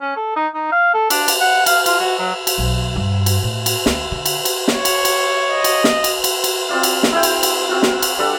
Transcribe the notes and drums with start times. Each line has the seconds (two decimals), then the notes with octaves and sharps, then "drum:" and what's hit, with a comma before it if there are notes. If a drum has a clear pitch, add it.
0.01 C#4
0.17 A4
0.36 D#4
0.54 D#4
0.72 F5
0.94 A4
1.10 D4, drum: cymbal
1.28 drum: cymbal
1.40 F#5
1.66 F5, drum: cymbal
1.86 F4, drum: cymbal
1.99 F#4
2.19 F#3
2.47 drum: cymbal
2.58 B1
2.96 G2
3.26 drum: cymbal
3.43 A2
3.66 drum: cymbal
3.86 D2, drum: snare
4.12 D3
4.26 drum: cymbal
4.45 drum: cymbal
4.68 C#5, drum: snare
4.85 drum: cymbal
5.05 drum: cymbal
5.50 D#5
5.64 drum: cymbal
5.84 drum: snare
6.04 drum: cymbal
6.24 drum: cymbal
6.44 drum: cymbal
6.69 C4 F4 D5 F5
6.83 drum: cymbal
7.03 drum: snare
7.13 E4 F4 G#4 G5
7.23 drum: cymbal
7.43 drum: cymbal
7.69 C4 F4 F#4
7.83 drum: snare
8.02 drum: cymbal
8.19 G3 D4 A4 F#5